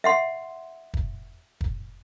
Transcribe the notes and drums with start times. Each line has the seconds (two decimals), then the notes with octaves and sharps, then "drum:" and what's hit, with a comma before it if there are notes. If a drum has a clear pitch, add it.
0.04 E5 F#5 C6
0.94 drum: kick
1.61 drum: kick